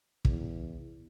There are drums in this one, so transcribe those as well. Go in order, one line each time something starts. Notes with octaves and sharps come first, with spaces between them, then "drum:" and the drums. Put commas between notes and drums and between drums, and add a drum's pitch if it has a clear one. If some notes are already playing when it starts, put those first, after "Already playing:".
E2, drum: kick